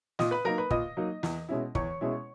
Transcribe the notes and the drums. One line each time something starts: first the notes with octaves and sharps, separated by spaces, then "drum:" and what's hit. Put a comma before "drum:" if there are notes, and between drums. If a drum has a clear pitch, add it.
A#2 D#5 D#6, drum: snare
B4 B5
F#3 A#3 D#4 A#4 A#5
B4 B5
A#2 D#5 D#6, drum: kick
F#3 A#3 D#4
E2, drum: snare
B2 G#3 C#4 E4
E2 C#5 C#6, drum: kick
B2 G#3 C#4 E4